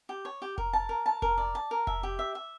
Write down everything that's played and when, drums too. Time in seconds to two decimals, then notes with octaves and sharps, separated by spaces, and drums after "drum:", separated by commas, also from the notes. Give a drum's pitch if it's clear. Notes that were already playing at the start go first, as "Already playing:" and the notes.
0.09 G4
0.25 C#5
0.42 G4
0.58 A#4, drum: kick F1
0.73 A5
0.89 A#4
1.06 A5
1.22 A#4, drum: kick F1
1.38 D5
1.55 A5
1.71 A#4
1.87 E5, drum: kick F1
2.03 G4
2.19 E5
2.35 E5